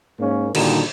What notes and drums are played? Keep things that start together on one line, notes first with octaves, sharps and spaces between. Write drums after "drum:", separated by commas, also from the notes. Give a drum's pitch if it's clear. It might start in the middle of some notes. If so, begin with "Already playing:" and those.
G#2 A#3 C#4
A#2 D3 D#3 G3 D#4 F#4, drum: cymbal